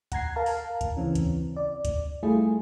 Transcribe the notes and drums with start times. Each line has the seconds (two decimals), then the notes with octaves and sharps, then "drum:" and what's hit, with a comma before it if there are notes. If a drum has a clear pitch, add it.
0.12 F#5 A#5 G#6 C7, drum: kick, hi-hat
0.36 A#4 F5 A5 A#5
0.46 drum: open hi-hat
0.81 drum: kick, hi-hat
0.97 C#3 E3 C4 C#4
1.15 drum: kick, hi-hat
1.56 D5
1.85 drum: kick, hi-hat
2.23 G3 A3 E4 F4 G#4